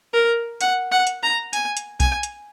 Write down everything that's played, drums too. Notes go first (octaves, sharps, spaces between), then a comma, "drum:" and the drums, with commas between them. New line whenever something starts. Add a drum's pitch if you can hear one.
A#4
F#5, drum: hi-hat
F#5
drum: hi-hat
A#5
G#5, drum: hi-hat
drum: hi-hat
G#5, drum: kick B1, hi-hat
drum: hi-hat